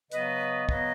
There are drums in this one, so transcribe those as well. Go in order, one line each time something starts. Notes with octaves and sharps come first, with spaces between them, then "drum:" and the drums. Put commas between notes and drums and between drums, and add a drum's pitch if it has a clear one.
C#3 F#3 B3 B4 D#5, drum: hi-hat
C#3 F#3 B3 B4 D#5, drum: kick